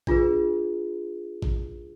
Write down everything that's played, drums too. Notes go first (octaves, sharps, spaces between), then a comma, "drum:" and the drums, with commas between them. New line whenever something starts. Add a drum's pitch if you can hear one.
D4 F4 G#4 B4, drum: kick A1
drum: kick A1